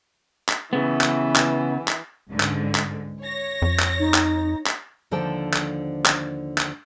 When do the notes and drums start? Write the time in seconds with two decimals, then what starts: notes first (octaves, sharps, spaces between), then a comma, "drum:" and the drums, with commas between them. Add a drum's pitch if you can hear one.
0.49 drum: clap
0.73 C#3 E3 B3
1.01 drum: clap
1.36 drum: clap
1.88 drum: clap
2.29 C#2 G#2 D3
2.40 drum: clap
2.75 drum: clap
3.22 C#5 A#6
3.62 F2
3.79 drum: clap
4.00 D#4
4.14 drum: clap
4.66 drum: clap
5.11 D#2 D3 F3 A4 C5 G5
5.53 drum: clap
6.06 drum: clap
6.58 drum: clap